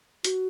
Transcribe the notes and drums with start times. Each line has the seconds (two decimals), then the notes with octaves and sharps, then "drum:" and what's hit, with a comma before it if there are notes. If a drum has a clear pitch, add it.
0.24 F#4, drum: hi-hat